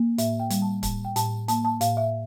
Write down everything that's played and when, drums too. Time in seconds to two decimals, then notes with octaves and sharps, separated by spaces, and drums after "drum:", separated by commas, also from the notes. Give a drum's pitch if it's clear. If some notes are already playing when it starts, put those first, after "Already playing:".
Already playing: A#3
0.18 A2 E5, drum: hi-hat
0.40 G5
0.50 G3, drum: hi-hat
0.62 A5
0.83 A2 A5, drum: kick C#1, hi-hat
1.05 G5
1.16 A2 A5, drum: hi-hat
1.48 A#3 A5, drum: hi-hat
1.65 A5
1.81 A2 F5, drum: hi-hat
1.97 E5